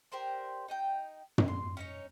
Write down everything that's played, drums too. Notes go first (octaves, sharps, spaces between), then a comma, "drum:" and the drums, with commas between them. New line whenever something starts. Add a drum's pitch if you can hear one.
G4 A#4 C5 D5
D#4 D#5 G5
drum: tom
C6
C#4 D#4 C#5